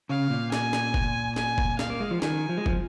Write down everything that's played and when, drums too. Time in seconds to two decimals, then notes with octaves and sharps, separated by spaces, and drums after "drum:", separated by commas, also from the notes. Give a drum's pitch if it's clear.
0.10 C#3 F5
0.30 A#2
0.52 G#5, drum: snare
0.73 drum: snare
0.94 drum: kick
1.36 G#5, drum: snare
1.58 drum: kick
1.79 F5, drum: snare
1.90 A#3
2.00 G#3
2.11 F3
2.22 D#3 G#5, drum: snare
2.49 F3
2.57 G#3
2.66 F3, drum: kick